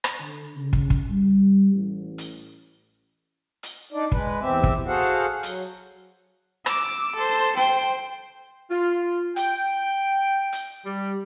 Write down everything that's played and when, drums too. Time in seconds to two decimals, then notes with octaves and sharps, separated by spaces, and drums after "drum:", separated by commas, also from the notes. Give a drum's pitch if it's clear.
0.04 drum: rim click
0.19 D3
0.56 C#3
0.73 drum: kick
0.90 drum: kick
1.10 G3
1.73 A1
2.18 drum: hi-hat
3.63 drum: hi-hat
3.92 D4 D#4 D5
4.12 G#3 B4, drum: kick
4.41 E2 C4 G4 E5
4.64 drum: kick
4.87 F#4 G#4 A4 C5 F5 F#5
5.43 F#3, drum: hi-hat
6.66 D6 E6, drum: rim click
7.15 A4 C5
7.56 C5 G5
8.70 F4
9.36 G5, drum: hi-hat
10.52 drum: hi-hat
10.85 G3